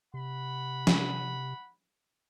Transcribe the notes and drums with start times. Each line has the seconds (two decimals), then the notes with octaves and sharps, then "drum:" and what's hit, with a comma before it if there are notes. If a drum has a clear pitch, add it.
0.14 C3 F#5 B5
0.87 drum: snare